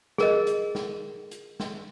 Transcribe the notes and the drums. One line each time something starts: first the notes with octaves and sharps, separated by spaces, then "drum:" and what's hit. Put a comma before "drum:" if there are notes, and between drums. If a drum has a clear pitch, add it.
G#4 A#4 D#5, drum: snare
drum: hi-hat
drum: snare
drum: hi-hat
drum: snare